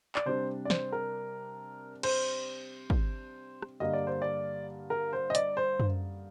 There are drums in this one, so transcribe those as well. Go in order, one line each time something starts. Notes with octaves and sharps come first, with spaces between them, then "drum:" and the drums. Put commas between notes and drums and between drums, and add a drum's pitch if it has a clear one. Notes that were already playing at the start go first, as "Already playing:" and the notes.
D5, drum: clap
C3 G3 D4 C5
D5
C5, drum: snare
A#4
C5, drum: cymbal
drum: kick
drum: rim click
G2 D3 G3 A#3 D#5
D5
C5
D5
A#4
C5
D#5
D5, drum: hi-hat
C5
drum: tom F#2